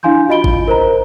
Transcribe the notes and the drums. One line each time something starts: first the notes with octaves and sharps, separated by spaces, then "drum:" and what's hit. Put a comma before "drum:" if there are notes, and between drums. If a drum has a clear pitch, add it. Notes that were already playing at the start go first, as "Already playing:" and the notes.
D4 E4 F5 G#5 C6 G6
F4 F#4 D#5 B5 D7 G7
drum: kick
A#4 C5 A#5